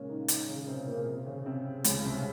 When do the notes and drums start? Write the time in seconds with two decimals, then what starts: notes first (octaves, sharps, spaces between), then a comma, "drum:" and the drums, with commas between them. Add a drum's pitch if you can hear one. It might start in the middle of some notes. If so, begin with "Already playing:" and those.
Already playing: A#2 C#3 G#3 A#3 C#4
0.09 D#3 D#4
0.28 D#3 D#4, drum: hi-hat
0.48 C#3 C#4
0.68 C3 C4
0.87 A#2 A#3
1.06 C3 C4
1.26 C#3 C#4
1.46 C3 C4
1.84 C#2 C#3, drum: hi-hat
2.04 C2 C3